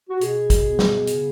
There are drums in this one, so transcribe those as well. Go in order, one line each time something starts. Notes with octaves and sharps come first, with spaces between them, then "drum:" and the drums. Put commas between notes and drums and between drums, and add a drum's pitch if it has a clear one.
F#4
B2 G#4, drum: hi-hat
drum: kick, hi-hat
B3
drum: snare
C#3, drum: hi-hat